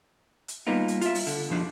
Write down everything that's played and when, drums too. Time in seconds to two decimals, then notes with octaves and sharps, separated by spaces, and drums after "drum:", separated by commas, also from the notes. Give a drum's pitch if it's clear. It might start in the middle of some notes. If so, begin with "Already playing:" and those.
0.48 drum: hi-hat
0.67 G3 A#3 B3 D#4 F4
0.88 drum: hi-hat
1.01 F4 E5, drum: hi-hat
1.15 drum: open hi-hat
1.27 D3, drum: hi-hat
1.49 B1 F2 F3 D4